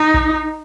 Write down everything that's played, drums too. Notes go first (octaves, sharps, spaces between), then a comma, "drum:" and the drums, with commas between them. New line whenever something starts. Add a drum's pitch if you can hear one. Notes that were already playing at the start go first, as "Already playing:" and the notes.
Already playing: D#4
drum: kick A#1